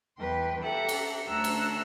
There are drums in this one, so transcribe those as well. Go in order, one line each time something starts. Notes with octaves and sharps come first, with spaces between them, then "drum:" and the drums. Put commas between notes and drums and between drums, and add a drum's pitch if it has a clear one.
E2 B4 G5 C6
G4 A4 E5 F#5 A#5
drum: cymbal
D2 C#5 A5 A#5 E6 F#6
drum: cymbal